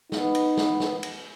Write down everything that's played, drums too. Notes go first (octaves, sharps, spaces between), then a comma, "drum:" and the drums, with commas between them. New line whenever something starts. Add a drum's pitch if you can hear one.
B3 D#4, drum: snare
drum: cymbal
drum: snare
drum: snare
drum: cymbal